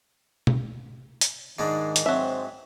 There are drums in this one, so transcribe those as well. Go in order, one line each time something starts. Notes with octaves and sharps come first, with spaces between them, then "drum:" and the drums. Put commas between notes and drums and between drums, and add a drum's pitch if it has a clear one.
drum: tom
drum: hi-hat
G#2 D#3 G#3 D4
drum: hi-hat
F#3 C4 E5